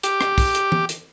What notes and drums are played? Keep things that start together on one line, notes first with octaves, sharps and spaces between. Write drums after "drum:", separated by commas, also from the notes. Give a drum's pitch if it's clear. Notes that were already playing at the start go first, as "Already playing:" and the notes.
G4, drum: hi-hat
drum: rim click
drum: kick, open hi-hat
drum: hi-hat
drum: tom E3
drum: hi-hat